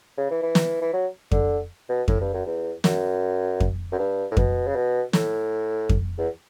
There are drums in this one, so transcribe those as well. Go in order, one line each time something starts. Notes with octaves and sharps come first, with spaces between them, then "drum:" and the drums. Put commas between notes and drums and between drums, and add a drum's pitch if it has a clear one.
C#3
E3
E3
drum: snare
E3
F#3
D3, drum: kick F2
B2
A2, drum: kick F2
G2
F#2
E2
F#2, drum: snare
drum: kick F2
F#2
G2
A2
B2, drum: kick F2
C#3
B2
A2, drum: snare
drum: kick F2
E2